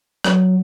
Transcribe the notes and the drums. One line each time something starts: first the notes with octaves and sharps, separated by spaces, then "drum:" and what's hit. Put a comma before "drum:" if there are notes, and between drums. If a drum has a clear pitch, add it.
F#3, drum: rim click